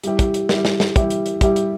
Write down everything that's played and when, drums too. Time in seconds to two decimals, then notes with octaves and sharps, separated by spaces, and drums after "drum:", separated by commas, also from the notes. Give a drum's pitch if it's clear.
0.04 G3 E4 G4, drum: hi-hat
0.19 drum: kick, hi-hat
0.34 drum: hi-hat
0.49 G3 E4 G4, drum: snare
0.65 drum: snare
0.80 drum: snare
0.96 G3 E4 G4, drum: kick, hi-hat
1.10 drum: hi-hat
1.26 drum: hi-hat
1.41 G3 E4 G4, drum: kick, hi-hat
1.56 drum: hi-hat